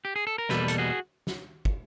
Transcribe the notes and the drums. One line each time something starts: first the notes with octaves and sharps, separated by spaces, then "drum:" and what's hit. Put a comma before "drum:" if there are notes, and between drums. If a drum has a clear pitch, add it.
G4
G#4
A4
A#4
E2 B2 G3 A#3 A4 B4, drum: snare
A4, drum: hi-hat
F#4 G#4
drum: snare
drum: kick